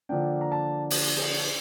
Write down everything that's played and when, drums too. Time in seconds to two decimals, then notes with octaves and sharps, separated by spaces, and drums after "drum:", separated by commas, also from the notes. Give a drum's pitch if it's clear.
0.09 D3 F3 A#3 D4 G5
0.41 A#5
0.52 A5
0.90 drum: open hi-hat
1.17 drum: cymbal